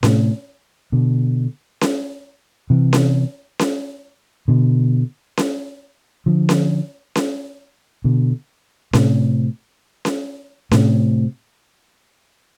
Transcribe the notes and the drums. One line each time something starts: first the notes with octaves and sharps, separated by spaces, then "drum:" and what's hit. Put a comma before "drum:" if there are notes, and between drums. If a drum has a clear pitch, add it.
A2 C3, drum: snare C#4
B2 D3
drum: snare C#4
C3 E3
drum: snare C#4
drum: snare C#4
B2 D3
drum: snare C#4
D3 F3
drum: snare C#4
drum: snare C#4
B2 D3
A2 C3, drum: snare C#4
drum: snare C#4
A2 C3, drum: snare C#4